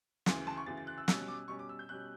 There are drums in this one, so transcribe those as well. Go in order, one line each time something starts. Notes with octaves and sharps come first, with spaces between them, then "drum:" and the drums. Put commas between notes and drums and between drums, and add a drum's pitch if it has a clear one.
D2 C#3 E3, drum: snare
A5
C#6
D2 C#3 E3 A6
A6
F#6
E6
B2 G3 C#4 E6, drum: snare
D6
B2 G3 C#4 C#6
D6
E6
G6
B2 G3 C#4 F#6